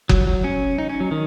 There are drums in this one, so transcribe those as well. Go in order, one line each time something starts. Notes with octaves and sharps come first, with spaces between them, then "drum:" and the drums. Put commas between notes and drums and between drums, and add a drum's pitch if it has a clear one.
F#3, drum: kick F#1
F#3
C#4
D#4
C#4
F#3
D#3